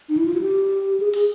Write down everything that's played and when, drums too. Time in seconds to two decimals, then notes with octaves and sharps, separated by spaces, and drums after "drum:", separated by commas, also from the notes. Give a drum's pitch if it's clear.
0.09 D#4
0.17 E4
0.26 F4
0.34 F#4
0.41 G4
1.00 G#4
1.14 G#4, drum: open hi-hat